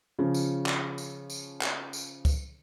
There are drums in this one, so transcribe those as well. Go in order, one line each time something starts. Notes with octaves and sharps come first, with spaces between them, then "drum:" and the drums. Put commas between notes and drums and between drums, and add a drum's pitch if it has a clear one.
C#3 F3 C#4
drum: tambourine
drum: clap
drum: tambourine
drum: tambourine
drum: clap
drum: tambourine
drum: kick C#2, tambourine